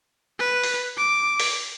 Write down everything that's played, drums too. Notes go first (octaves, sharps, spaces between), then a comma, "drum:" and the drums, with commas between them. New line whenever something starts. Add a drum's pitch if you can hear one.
B4
drum: open hi-hat
D6
drum: open hi-hat